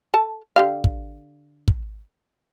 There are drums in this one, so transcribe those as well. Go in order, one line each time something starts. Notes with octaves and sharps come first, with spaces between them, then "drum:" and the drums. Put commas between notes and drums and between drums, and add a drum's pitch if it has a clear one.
A4 A5
D3 G4 F5
drum: kick
drum: kick